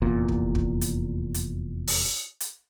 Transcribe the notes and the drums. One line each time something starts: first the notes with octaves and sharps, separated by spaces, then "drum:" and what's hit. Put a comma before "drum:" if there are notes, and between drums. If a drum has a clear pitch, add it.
F1 E2 A#2
drum: kick
drum: kick
drum: hi-hat
drum: hi-hat
drum: open hi-hat
drum: hi-hat